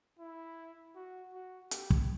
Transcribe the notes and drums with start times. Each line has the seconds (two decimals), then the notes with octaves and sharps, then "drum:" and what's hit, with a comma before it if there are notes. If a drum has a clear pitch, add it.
0.19 E4
0.95 F#4
1.33 F#4
1.71 G4, drum: hi-hat
1.90 drum: kick